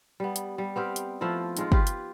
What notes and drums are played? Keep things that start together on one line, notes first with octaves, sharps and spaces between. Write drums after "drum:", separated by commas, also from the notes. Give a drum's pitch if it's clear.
G3 B3
drum: hi-hat
G3
B3 C4 G4 F5
drum: hi-hat
F3 A3 E4 F4
D#3 G#3 F4, drum: hi-hat
F4 G4 B4, drum: kick
drum: hi-hat